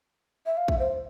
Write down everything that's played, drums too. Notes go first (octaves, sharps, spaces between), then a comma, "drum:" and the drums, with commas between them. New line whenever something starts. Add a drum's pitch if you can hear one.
E5
F5
E5, drum: kick
C5